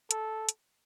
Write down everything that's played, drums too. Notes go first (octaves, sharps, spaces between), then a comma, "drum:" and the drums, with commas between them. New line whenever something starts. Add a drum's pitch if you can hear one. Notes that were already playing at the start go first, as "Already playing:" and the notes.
A4, drum: hi-hat
drum: hi-hat